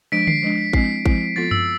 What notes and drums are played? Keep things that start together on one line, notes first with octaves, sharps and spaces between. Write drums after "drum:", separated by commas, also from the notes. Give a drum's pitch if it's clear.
F3 G#3 D4 B6 D7
C7, drum: tom D3
F3 G#3 D4
F3 G#3 C4 E4 C7, drum: kick A1
F3 G#3 C4 E4, drum: kick A1
F3 B3 F4 A4 A6
E6, drum: tom F#2